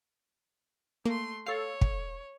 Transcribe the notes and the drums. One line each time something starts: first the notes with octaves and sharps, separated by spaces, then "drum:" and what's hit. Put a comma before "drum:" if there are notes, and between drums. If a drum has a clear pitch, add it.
A3 A#3 C6
A4 C#5 F5 C7
drum: kick